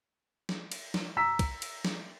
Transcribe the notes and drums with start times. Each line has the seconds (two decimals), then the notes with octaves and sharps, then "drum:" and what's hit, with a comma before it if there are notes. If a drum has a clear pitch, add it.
0.49 drum: snare
0.72 drum: cymbal
0.94 drum: snare
1.17 A#5 E6 B6
1.39 drum: kick, cymbal
1.62 drum: cymbal
1.85 drum: snare